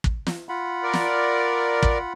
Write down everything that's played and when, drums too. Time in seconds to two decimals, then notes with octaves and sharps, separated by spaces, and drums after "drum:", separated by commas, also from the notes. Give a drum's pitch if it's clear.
0.04 drum: kick
0.27 drum: snare
0.49 F4 F#5 B5
0.83 A#4 D5
0.93 drum: snare
1.83 drum: kick